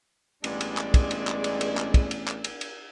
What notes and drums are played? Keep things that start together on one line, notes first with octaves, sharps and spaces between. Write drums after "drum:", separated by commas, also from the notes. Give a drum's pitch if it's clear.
A1 G2 G#3 B3 D4 G#4 D5, drum: cymbal
drum: cymbal
drum: clap
drum: kick, cymbal
drum: cymbal
drum: clap
drum: cymbal
drum: cymbal
drum: clap
drum: kick, cymbal
drum: cymbal
drum: clap
drum: cymbal
drum: cymbal